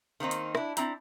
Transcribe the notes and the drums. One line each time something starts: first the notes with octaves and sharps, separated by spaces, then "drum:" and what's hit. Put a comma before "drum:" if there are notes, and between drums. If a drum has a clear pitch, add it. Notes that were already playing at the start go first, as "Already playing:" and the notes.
D#3 A#3 C4 D#4
drum: hi-hat
D4 E4, drum: rim click
C4 D4 E4 A#5, drum: hi-hat